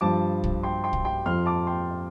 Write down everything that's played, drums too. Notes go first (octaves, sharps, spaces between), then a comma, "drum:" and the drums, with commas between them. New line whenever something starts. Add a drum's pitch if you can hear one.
G2 F3 A5 D6
drum: kick
G5 C6
G5 C6
drum: kick
G5 C6
F2 F3 C6 F6
A5 D6
G5 C6